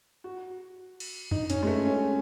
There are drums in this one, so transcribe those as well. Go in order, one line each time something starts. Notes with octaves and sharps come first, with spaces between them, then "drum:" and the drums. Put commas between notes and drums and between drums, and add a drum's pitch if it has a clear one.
F#4
drum: cymbal
D#4, drum: tom F2
C#4, drum: hi-hat
G#3
A3
C#4